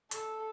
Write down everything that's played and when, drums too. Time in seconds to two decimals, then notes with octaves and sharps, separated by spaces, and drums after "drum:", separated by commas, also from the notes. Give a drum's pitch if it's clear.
0.11 A4, drum: hi-hat